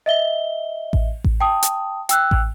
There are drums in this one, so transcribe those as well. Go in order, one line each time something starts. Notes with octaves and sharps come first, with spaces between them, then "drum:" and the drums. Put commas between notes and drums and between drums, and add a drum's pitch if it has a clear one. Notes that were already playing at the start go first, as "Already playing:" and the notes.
D#5 E5 G7
drum: kick A1
drum: kick A1
G5 A5 D#6
drum: hi-hat
G5 E6 F#6, drum: hi-hat
drum: kick A1